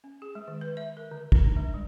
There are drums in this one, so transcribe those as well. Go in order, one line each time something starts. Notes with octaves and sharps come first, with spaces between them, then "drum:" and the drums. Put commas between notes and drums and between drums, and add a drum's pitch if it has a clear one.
C#4
G#4
G#3
D#3
B4
E5
A#4
D3
D#4, drum: kick
D4
G#3
G3